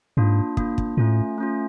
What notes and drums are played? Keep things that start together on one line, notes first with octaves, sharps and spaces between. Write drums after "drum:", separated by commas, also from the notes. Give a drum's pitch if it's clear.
G#2 A#3 D4 F4
A#3 D4 F4, drum: kick
drum: kick
A2 A3 C#4 F4
A3 C#4 F4